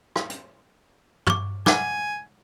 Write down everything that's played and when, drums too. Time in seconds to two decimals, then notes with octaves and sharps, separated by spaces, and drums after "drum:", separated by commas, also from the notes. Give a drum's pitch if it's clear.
0.16 drum: rim click
0.30 drum: hi-hat
1.27 C#6 D6, drum: tom
1.66 F#5 G#5 D6, drum: snare